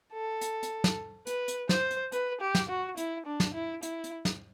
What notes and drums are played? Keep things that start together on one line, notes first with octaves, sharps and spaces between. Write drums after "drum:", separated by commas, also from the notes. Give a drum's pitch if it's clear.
A4
drum: hi-hat
drum: hi-hat
drum: snare
B4, drum: hi-hat
drum: hi-hat
C5, drum: snare
drum: hi-hat
B4, drum: hi-hat
G4
drum: snare
F#4
E4, drum: hi-hat
D4
drum: snare
E4
E4, drum: hi-hat
drum: hi-hat
drum: snare